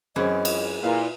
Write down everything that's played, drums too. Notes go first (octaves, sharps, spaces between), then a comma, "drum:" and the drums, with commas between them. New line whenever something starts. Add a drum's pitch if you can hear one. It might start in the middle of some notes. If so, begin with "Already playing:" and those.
F#2 E3 G#3 C4 C#4 D#5
drum: cymbal
A#2 E4 F4 B4 F5